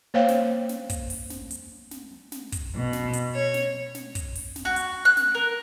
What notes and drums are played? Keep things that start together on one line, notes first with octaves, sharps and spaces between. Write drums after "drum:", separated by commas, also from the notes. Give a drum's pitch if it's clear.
A#3 C5 C#5 F5 G5
drum: snare
drum: snare
drum: kick, hi-hat
drum: open hi-hat
drum: snare
drum: hi-hat
drum: snare
drum: snare
drum: kick, hi-hat
B2
drum: snare
drum: hi-hat
C#5
drum: snare
drum: snare
drum: kick, hi-hat
drum: open hi-hat
drum: snare
F#4
drum: hi-hat
F#6
drum: snare
A#4